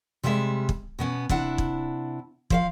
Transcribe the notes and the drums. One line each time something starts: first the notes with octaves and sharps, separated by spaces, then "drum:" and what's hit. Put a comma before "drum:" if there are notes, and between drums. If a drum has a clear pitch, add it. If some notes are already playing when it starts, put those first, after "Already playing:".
C3 G3 G#3 D5 E5
drum: kick
B2 B3 C#4
C3 D4 E4 F#5, drum: kick
drum: kick
F3 C5 F5, drum: kick